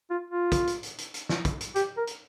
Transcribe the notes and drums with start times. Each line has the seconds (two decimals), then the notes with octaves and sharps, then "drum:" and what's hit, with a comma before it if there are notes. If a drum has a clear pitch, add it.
0.10 F4
0.30 F4
0.52 drum: kick, hi-hat
0.67 drum: hi-hat
0.83 drum: hi-hat
0.98 drum: hi-hat
1.14 drum: hi-hat
1.29 drum: snare
1.45 drum: kick, hi-hat
1.61 drum: hi-hat
1.75 G4, drum: hi-hat
1.97 A#4
2.07 drum: hi-hat